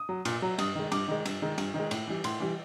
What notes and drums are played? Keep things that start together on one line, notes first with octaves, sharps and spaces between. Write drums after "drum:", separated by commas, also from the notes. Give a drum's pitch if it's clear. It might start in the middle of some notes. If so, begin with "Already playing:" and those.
Already playing: D#6
F#3
A#2, drum: cymbal
F#3
G2 D#6, drum: cymbal
D#3 G#3
G2 D6, drum: cymbal
D#3 G#3
G2, drum: cymbal
D#3 G#3
G2, drum: cymbal
D#3
G#3
A2, drum: cymbal
E3 G3
A2 C6, drum: cymbal
E3 G3